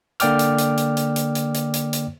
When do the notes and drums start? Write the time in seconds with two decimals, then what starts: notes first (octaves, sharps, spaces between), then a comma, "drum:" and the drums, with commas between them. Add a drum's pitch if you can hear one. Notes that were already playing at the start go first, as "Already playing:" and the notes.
0.20 D3 A#3 D5 G5 D6 F6, drum: hi-hat
0.39 drum: hi-hat
0.58 drum: hi-hat
0.77 drum: hi-hat
0.97 drum: hi-hat
1.16 drum: hi-hat
1.35 drum: hi-hat
1.54 drum: hi-hat
1.74 drum: hi-hat
1.93 drum: hi-hat